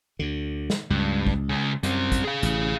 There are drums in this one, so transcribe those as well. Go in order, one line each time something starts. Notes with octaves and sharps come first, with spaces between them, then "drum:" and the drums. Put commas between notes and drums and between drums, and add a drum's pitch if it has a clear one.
D2 D3
drum: snare
C#2 G2
drum: kick
C#3 G#3
F#2 G3 C4, drum: hi-hat
drum: kick, hi-hat
G#4 F5
A1, drum: hi-hat